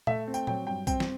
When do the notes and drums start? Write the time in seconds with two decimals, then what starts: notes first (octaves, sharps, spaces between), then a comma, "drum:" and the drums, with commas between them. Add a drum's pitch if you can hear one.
0.07 A3 E5, drum: tom A#2
0.27 C4
0.34 G5, drum: tambourine
0.47 F#3 G5, drum: tom A#2
0.67 G2 G5
0.87 C4 G5, drum: kick B1, tambourine
1.00 drum: snare